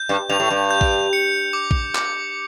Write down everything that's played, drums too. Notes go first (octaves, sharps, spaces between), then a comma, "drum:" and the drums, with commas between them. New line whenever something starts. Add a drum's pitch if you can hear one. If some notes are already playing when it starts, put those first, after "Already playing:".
Already playing: G6
G2
G2 F7
A2
G2
G6
drum: kick A#1
C#7
D6
drum: kick A#1
D6, drum: clap